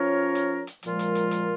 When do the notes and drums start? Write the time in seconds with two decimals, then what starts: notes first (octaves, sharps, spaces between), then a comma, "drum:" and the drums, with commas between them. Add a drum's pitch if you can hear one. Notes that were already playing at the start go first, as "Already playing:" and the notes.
Already playing: F3 C#4 F4 A#4 C#5
0.35 drum: hi-hat
0.67 drum: hi-hat
0.83 A#2 F3 G#3 F4 A#4, drum: hi-hat
0.99 drum: hi-hat
1.15 drum: hi-hat
1.31 drum: hi-hat